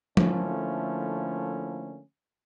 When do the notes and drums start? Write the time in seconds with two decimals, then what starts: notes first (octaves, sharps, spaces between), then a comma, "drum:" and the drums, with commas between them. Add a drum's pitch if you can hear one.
0.17 D3 F3 A3 A#3 C#4 E4, drum: tom F3